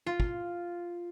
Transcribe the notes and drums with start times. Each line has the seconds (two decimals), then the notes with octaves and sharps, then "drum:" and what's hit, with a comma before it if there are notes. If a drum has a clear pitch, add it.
0.06 F4
0.20 drum: kick